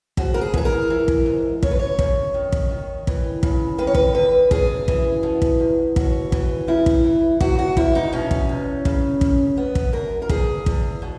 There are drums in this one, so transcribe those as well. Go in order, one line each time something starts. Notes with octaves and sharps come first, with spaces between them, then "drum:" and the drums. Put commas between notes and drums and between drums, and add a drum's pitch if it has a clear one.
G#2 F#4, drum: kick
A#4
G#4
E3 G#4, drum: kick
A#4
E3
drum: kick
G#2
F#2 C#5, drum: kick
B4
C#5
F#2, drum: kick
D#3
drum: kick
D#3
E3, drum: kick
C#3, drum: kick
D#3 B4
C#5
B4, drum: kick
E2 B4
F#2 G#4, drum: kick
E3, drum: kick
B2
drum: kick
E2
D#2 F#4, drum: kick
E3, drum: kick
C#3 E4
drum: kick
E3
E2 F#4, drum: kick
F#4
E2 E4, drum: kick
D#4
B2 C#4
drum: kick
E2
C#3, drum: kick
F#2, drum: kick
F#2 B3
drum: kick
F#2 A#4
A#4
E2 G#4, drum: kick
E2, drum: kick
B2